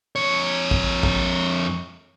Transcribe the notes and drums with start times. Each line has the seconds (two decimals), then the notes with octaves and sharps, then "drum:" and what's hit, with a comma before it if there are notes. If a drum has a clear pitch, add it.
0.16 F2 C#5
0.71 drum: kick A1
1.03 drum: kick A1